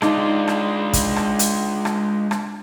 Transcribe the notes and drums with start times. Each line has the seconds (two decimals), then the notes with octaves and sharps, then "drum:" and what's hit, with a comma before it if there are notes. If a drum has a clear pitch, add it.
0.02 G#3 D4 D#4 F4, drum: rim click
0.48 drum: rim click
0.93 drum: kick, hi-hat
1.16 drum: rim click
1.39 drum: hi-hat
1.85 drum: rim click
2.31 drum: rim click